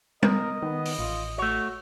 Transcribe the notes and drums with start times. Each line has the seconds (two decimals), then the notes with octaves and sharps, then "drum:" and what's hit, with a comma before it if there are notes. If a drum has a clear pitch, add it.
0.23 A#4 D#5, drum: tom G3
0.62 D#3 B3
0.85 drum: open hi-hat
0.99 A1 F4
1.38 A3 F#4 C#5